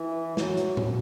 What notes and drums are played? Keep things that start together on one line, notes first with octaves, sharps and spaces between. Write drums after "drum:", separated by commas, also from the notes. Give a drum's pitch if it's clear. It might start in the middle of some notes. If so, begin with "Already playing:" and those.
Already playing: E3
F#3, drum: snare
drum: hi-hat
drum: tom A2